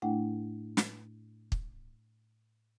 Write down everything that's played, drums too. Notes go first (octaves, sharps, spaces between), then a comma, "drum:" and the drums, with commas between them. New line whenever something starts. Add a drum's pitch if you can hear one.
A2 A3 D4 E4 F#5 G5
drum: snare
drum: kick